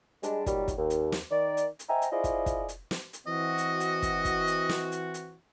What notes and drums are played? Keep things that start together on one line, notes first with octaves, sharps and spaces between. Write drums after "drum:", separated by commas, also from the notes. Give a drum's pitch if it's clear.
G3 G#3 D4, drum: hi-hat
A#2 D#3 F#3 G3, drum: kick, hi-hat
drum: kick, hi-hat
D#2
drum: hi-hat
drum: snare
D#3 D5
drum: hi-hat
drum: hi-hat
C5 D#5 E5 G5 G#5 A#5
drum: hi-hat
E4 F4 G#4 C5 D5 D#5
drum: kick, hi-hat
drum: kick, hi-hat
drum: hi-hat
drum: snare
drum: hi-hat
E3 C4 F#4 D#5
drum: hi-hat
drum: hi-hat
drum: kick, hi-hat
drum: kick, hi-hat
drum: hi-hat
drum: snare
drum: hi-hat
drum: hi-hat